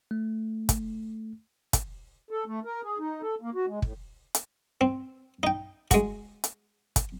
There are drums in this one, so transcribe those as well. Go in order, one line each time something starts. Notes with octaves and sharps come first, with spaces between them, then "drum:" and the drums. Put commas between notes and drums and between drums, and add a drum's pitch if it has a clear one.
A3
drum: kick, hi-hat
drum: kick, hi-hat
A4
A3
A#4
G#4
D#4
A4
A#3
F#4
G#3
A2, drum: kick
drum: hi-hat
C4
D#4 G5
G#3 F#4, drum: kick, hi-hat
drum: hi-hat
drum: kick, hi-hat